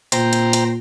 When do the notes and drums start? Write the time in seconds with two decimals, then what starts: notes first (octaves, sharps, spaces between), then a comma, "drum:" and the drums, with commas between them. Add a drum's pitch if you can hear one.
0.12 A#2 C5 G5 A#5, drum: hi-hat
0.33 drum: hi-hat
0.53 drum: hi-hat